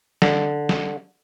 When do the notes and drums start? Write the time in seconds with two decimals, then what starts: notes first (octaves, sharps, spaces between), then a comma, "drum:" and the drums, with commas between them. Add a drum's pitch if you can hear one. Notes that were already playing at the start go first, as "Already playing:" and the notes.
0.22 D3, drum: snare
0.69 drum: snare